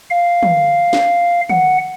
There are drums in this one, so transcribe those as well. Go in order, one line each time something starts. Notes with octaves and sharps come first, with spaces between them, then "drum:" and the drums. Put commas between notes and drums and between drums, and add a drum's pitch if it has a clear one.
F5
drum: tom
drum: snare
F#5, drum: tom